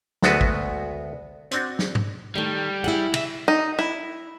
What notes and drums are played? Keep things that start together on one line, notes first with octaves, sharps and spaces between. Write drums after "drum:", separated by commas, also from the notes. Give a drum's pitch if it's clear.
D2 G#3 A3 B3 F#4 B4, drum: snare
drum: kick
C4 D4 F#4, drum: hi-hat
drum: snare
drum: tom
D#3 G3 A3
E4 G#4 F#5
C2 E5, drum: cymbal
D#4
E4